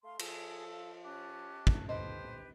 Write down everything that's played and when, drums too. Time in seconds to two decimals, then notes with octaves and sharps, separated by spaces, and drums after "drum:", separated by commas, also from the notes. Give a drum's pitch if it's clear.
0.03 A3 F5 C6
0.19 F3 G#4 A4, drum: cymbal
0.72 F5
1.04 C#4 G4 A5 F#6
1.67 drum: kick
1.89 G4 A4 B4 C5 D#5